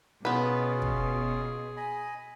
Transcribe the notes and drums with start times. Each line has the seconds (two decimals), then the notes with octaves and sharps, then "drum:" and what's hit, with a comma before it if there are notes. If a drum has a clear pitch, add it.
0.25 B2 B3 C#4 F4 G#4 B4
0.82 drum: kick
1.77 D#5 G#5 B5